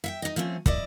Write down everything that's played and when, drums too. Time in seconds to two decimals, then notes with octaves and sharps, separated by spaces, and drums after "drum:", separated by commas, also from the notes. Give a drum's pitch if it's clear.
0.04 E5 F5 G5
0.22 D#4 D#5
0.36 F3 A3 C4 C#4
0.66 E4 D5 D#5, drum: kick